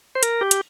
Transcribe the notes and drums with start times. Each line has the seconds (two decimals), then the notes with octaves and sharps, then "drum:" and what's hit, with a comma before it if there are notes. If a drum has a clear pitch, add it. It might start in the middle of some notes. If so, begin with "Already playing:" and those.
0.15 C5
0.23 A#4, drum: hi-hat
0.41 G4
0.51 drum: hi-hat